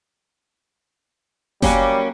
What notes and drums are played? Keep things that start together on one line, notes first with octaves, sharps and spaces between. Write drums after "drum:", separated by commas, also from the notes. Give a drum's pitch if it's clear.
F#3 G3 A#3 C#4, drum: snare F#1